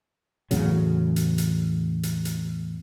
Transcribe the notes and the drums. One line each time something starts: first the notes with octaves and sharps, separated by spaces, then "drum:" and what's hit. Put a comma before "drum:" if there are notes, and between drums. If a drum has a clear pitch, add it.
E2 A2 C#3 F#3, drum: hi-hat
drum: hi-hat
drum: hi-hat
drum: hi-hat
drum: hi-hat